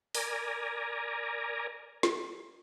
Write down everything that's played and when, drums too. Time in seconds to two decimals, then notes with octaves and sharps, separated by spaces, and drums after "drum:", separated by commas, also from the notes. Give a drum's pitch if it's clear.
0.15 A#4 D5 G#5 A#5, drum: open hi-hat
2.03 drum: snare